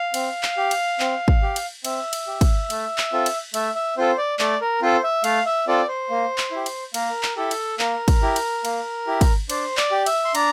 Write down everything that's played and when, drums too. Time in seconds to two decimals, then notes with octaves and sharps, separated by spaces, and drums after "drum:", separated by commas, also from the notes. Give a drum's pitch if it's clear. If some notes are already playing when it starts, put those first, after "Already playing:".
Already playing: F5
0.14 C4, drum: cymbal
0.43 drum: clap
0.57 G4
0.71 drum: cymbal
1.00 C4, drum: clap
1.28 drum: kick
1.42 G4
1.56 drum: cymbal
1.85 C4 E5, drum: cymbal
2.13 drum: cymbal
2.27 G4
2.41 drum: kick, cymbal
2.70 A3, drum: cymbal
2.98 drum: clap
3.12 C4 F4 A4
3.26 drum: cymbal
3.54 A3 E5, drum: cymbal
3.75 E5
3.97 C4 F4 A4 C5
4.18 D5
4.39 A3 D5, drum: clap
4.61 A#4
4.82 C4 F4 A4 C5
5.04 E5
5.24 A3 F5, drum: cymbal
5.46 E5
5.67 C4 F4 A4 D5
5.88 C5
6.10 A#3
6.38 drum: clap
6.51 E4 G4
6.66 drum: cymbal
6.94 A#3 A#4, drum: cymbal
7.23 drum: clap
7.37 E4 G4 A4
7.51 drum: cymbal
7.79 A#3 A#4, drum: clap
8.08 drum: kick, cymbal
8.22 E4 G4
8.36 drum: cymbal
8.65 A#3, drum: cymbal
9.07 E4 G4
9.21 drum: kick, cymbal
9.50 D4 C5, drum: cymbal
9.77 D5, drum: clap
9.92 G4
10.06 E5, drum: cymbal
10.25 C6
10.35 D4 A#5, drum: cymbal